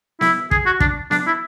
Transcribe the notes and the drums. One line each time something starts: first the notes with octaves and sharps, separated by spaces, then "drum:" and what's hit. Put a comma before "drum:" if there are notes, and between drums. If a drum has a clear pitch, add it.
E4, drum: snare B3
G#4, drum: kick
F#4
D4, drum: kick
D4, drum: snare B3
E4